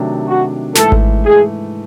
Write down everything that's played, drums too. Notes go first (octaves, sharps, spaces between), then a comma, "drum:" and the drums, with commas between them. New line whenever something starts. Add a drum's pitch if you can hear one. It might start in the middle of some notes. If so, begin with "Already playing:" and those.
Already playing: C3 D#3 F#3 A3 D4
F#4
G#2 E3 A3 A4, drum: snare
drum: kick G#1
G#4